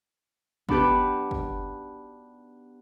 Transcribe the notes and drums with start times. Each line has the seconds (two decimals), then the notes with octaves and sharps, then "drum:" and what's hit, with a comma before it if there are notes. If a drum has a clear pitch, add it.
0.69 B3 D4 G4 B4, drum: kick
1.31 drum: kick